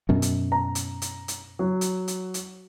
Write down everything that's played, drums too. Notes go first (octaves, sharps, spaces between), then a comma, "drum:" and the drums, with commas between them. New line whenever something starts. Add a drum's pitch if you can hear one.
F#2 B2
drum: hi-hat
A#5
drum: hi-hat
drum: hi-hat
drum: hi-hat
F#3
drum: hi-hat
drum: hi-hat
drum: hi-hat